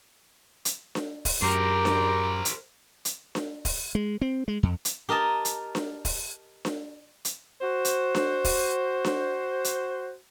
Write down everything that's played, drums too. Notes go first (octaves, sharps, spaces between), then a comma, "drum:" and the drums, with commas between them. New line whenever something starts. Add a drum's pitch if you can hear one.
drum: hi-hat
drum: snare D4
drum: kick, open hi-hat
F#2 G4 A#4 C5 A#5
drum: snare D4
drum: hi-hat
drum: hi-hat
drum: snare D4
drum: kick, open hi-hat
G#3
C4
G#3
F2
drum: hi-hat
G4 A#4 D#5 A5
drum: hi-hat
drum: snare D4
drum: kick, open hi-hat
drum: snare D4
drum: hi-hat
F#4 C5
drum: hi-hat
drum: snare D4
drum: kick, open hi-hat
drum: snare D4
drum: hi-hat